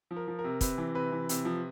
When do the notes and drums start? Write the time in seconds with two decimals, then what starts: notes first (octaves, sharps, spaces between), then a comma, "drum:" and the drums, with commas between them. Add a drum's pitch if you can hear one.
0.11 F3
0.16 A#4
0.28 F3
0.39 A#4
0.44 C3
0.61 C3 B4, drum: kick, hi-hat
0.78 E3
0.94 C3 B4
1.12 E3
1.29 C3, drum: hi-hat
1.45 F3